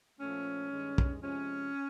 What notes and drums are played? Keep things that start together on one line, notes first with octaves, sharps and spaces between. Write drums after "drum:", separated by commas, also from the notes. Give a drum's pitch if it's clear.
A#2 F3 A3 C#4
G2 D#3 G#3
drum: kick
C3 F3 G#3 C#4